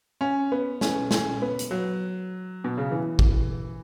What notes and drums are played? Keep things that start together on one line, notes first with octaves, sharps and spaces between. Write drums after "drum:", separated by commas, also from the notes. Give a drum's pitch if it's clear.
C#4
B3
C#4, drum: snare
C#4, drum: snare
B3
drum: hi-hat
F#3
B2
C#3
E3
drum: kick